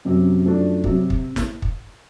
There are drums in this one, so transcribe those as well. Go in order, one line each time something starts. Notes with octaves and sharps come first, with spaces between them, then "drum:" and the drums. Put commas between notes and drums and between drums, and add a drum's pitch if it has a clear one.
F#2 C3 F#3
F3 A3 D4
C3 F#3, drum: kick
drum: kick
drum: snare
drum: kick